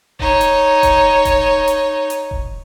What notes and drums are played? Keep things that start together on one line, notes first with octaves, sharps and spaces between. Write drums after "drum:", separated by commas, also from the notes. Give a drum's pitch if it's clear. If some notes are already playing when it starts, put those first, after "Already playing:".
D#4 C#5, drum: kick D#1
drum: hi-hat
drum: kick D#1, hi-hat
drum: kick D#1, hi-hat
drum: hi-hat
drum: hi-hat
drum: kick D#1